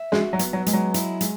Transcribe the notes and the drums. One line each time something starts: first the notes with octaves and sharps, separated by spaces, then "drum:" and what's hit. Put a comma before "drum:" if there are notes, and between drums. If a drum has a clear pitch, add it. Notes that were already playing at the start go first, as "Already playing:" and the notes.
Already playing: E5
G#3 F#4, drum: snare
F#3
B3, drum: hi-hat
F#3
G#3, drum: hi-hat
F#3
E4, drum: hi-hat
G#3, drum: hi-hat